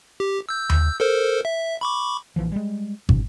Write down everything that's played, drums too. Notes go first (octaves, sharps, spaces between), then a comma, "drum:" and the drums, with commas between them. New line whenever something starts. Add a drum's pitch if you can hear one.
G4
E6 G6
drum: tom D#2
A4 A#4 C5
E5
B5 C#6 D6
A#1 D#2 E3 F3
G3 G#3
G#2 B2 C#4, drum: kick